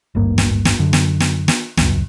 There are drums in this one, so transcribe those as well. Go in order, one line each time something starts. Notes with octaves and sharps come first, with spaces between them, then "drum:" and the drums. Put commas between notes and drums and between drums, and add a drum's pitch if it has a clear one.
D1 G#1 G2 A#3
drum: snare
drum: snare
F#2 D3
drum: snare
drum: snare
drum: snare
D#1 C#2 F#2, drum: snare